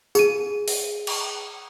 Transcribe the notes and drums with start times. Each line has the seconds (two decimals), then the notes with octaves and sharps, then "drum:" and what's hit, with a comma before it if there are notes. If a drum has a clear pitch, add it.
0.15 G#4 D#7, drum: tambourine
0.68 drum: open hi-hat
1.07 drum: cymbal